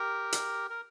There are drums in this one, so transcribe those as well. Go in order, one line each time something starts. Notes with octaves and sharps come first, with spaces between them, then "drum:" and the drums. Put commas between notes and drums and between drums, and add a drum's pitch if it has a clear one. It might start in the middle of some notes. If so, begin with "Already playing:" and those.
Already playing: G4 A#4
drum: hi-hat
A#4